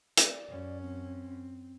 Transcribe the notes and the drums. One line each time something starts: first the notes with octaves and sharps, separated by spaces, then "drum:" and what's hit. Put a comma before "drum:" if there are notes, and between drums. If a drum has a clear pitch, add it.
D5, drum: hi-hat
F#2 C#4
C4